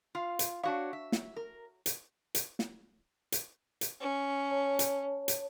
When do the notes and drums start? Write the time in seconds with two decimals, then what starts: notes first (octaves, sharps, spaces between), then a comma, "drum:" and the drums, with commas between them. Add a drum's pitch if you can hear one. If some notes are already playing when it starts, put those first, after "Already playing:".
0.15 F4 F5
0.39 drum: hi-hat
0.64 D4 F#4 C#5 F5
0.93 E5
1.12 drum: snare
1.36 A#4
1.86 drum: hi-hat
2.35 drum: hi-hat
2.59 drum: snare
3.32 drum: hi-hat
3.81 drum: hi-hat
4.01 C#4
4.47 C#5 A5
4.79 drum: hi-hat
5.28 drum: hi-hat